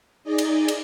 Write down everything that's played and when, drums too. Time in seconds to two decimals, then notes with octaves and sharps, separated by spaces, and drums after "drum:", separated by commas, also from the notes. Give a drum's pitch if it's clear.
0.23 D#4 G#4 D5 D#5
0.38 drum: cymbal
0.68 drum: cymbal